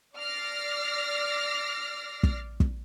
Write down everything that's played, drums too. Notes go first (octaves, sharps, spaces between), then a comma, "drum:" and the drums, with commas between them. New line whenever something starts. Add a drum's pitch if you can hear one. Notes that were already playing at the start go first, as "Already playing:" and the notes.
D5 D6 F6 A6 A#6 C7
drum: kick
drum: kick